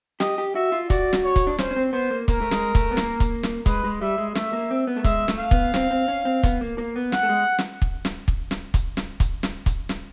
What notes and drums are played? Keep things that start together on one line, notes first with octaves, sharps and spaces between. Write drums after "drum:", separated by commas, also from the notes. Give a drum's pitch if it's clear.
G4 D#5, drum: snare
G4
F#4 E5
F4
F#4 D5, drum: kick, hi-hat
drum: snare
C#5
drum: kick, hi-hat
D4
C#4 C5, drum: snare
C#4
C4
B3 C5
A#3
A#3 A#4, drum: kick, hi-hat
A3
G#3, drum: snare
A3, drum: kick, hi-hat
B3
A#3, drum: snare
drum: kick, hi-hat
drum: snare
G#3 B4, drum: kick, hi-hat
G#3
G3 E5
G#3
A3 E5, drum: snare
A#3
C4
B3
A3
G#3 E5, drum: kick, hi-hat
A3, drum: snare
F5
B3, drum: kick
C4, drum: snare
C4
C#4
C4
B3, drum: kick, hi-hat
A#3
A#3
B3
F#5, drum: snare
A3
G#3
drum: snare
drum: kick
drum: snare
drum: kick
drum: snare
drum: kick, hi-hat
drum: snare
drum: kick, hi-hat
drum: snare
drum: kick, hi-hat
drum: snare